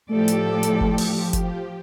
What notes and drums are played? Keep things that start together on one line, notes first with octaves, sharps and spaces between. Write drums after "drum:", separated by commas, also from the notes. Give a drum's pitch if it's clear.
A2 F3 A3 G4 A4 D5
drum: hi-hat
drum: hi-hat
drum: kick F#1
drum: open hi-hat
drum: kick F#1, hi-hat